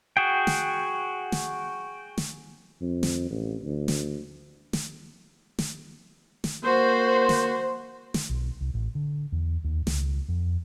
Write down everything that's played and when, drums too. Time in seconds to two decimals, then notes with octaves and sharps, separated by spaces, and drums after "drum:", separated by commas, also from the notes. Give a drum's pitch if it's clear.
0.17 F#4 G#4 G5
0.47 drum: snare
1.32 drum: snare
2.18 drum: snare
2.81 F2
3.03 drum: snare
3.30 A1
3.64 D2
3.88 drum: snare
4.73 drum: snare
5.59 drum: snare
6.44 drum: snare
6.65 A#3 F#4 C5
7.29 drum: snare
8.14 drum: snare
8.29 B1
8.61 C2
8.73 A1
8.95 D3
9.32 E2
9.64 D#2
9.87 C#2, drum: snare
10.28 F2